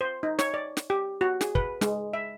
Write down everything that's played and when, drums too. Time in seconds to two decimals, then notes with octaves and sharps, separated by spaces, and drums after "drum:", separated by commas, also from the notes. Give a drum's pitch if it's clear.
0.01 C5
0.23 D#4
0.39 C#5, drum: snare
0.54 D5
0.77 drum: snare
0.90 G4
1.21 F#4
1.41 G#4, drum: snare
1.55 B4, drum: kick
1.81 G#3, drum: snare
2.13 E5